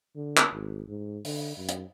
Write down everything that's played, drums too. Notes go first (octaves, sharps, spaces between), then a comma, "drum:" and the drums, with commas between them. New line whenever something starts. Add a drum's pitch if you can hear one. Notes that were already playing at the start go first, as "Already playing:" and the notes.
D3
drum: clap
G#1
G#2
D3, drum: open hi-hat
F#2
drum: hi-hat